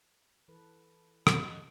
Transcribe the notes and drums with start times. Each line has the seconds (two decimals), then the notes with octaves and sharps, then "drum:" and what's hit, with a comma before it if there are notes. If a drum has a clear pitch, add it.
0.48 E3 A4 B4
1.27 F#2 B2 F#3, drum: rim click